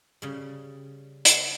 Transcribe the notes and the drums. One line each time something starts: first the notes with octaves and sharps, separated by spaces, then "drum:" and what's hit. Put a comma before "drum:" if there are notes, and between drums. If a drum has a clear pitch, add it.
C#3 G3
drum: hi-hat